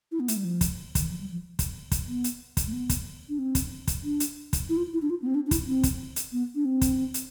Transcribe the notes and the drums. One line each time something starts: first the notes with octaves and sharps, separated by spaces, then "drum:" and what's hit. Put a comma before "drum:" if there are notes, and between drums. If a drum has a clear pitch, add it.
E4
B3
A3, drum: hi-hat
G3
F3
drum: kick, hi-hat
D3, drum: kick, hi-hat
E3
F3
G3
F3
drum: kick, hi-hat
drum: kick, hi-hat
B3
drum: hi-hat
drum: kick, hi-hat
A3
B3
drum: kick, hi-hat
D4
C4
drum: kick, hi-hat
drum: kick, hi-hat
D4
drum: hi-hat
drum: kick, hi-hat
E4
F4
E4
D4
F4
B3
C4
D4
D4
E4, drum: kick, hi-hat
C4
drum: kick, hi-hat
drum: hi-hat
B3
D4
C4
drum: kick, hi-hat
drum: hi-hat